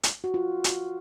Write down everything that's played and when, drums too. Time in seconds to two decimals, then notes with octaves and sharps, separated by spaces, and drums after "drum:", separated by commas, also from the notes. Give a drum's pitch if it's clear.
0.03 drum: hi-hat
0.24 F#4
0.34 F4
0.64 drum: hi-hat